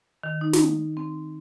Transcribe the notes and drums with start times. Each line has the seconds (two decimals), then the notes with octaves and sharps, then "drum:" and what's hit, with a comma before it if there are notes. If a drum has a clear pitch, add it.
0.23 D#3
0.41 D#4
0.53 drum: snare
0.97 C4